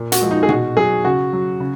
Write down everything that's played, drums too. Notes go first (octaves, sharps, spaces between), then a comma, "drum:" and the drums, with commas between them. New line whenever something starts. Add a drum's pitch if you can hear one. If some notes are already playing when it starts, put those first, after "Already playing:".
Already playing: A#2
F#4, drum: hi-hat
F3 G#3
D#4
G#4
B2 F#4, drum: tom A#2
F#3 G#4
C#3 F#4
F#3
C#3